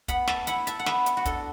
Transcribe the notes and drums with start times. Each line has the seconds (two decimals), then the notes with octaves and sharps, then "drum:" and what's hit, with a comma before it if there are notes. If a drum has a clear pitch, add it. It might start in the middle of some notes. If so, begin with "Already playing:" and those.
0.08 B3 F#5 B5, drum: kick, hi-hat
0.28 E5 A5, drum: snare
0.47 E4 F#5 B5, drum: hi-hat
0.67 E5 A5, drum: hi-hat
0.79 F#5
0.86 B3 B4 E5, drum: snare
1.06 drum: hi-hat
1.17 F#4
1.25 D4 A4, drum: kick, hi-hat